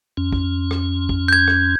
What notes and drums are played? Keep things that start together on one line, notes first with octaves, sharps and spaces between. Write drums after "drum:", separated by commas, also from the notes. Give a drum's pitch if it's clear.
F2 C#4
drum: kick
drum: rim click
drum: kick
G6 G#6
drum: rim click